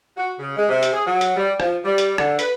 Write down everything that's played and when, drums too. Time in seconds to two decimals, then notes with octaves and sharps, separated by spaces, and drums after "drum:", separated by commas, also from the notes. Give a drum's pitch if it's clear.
0.17 F#4
0.39 C#3
0.57 G#3
0.69 C3
0.83 drum: hi-hat
0.93 G#4
1.07 F#3
1.21 drum: hi-hat
1.36 G3
1.60 F3, drum: rim click
1.84 G3
1.98 drum: hi-hat
2.18 D3, drum: rim click
2.39 B4, drum: hi-hat